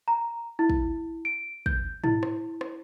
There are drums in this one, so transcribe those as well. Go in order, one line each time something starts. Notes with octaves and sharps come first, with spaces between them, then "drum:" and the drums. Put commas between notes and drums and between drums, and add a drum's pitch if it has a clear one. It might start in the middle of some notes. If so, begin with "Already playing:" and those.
A#5
E4
drum: kick
D7
G6, drum: kick
E4, drum: tom G#2
drum: rim click
drum: rim click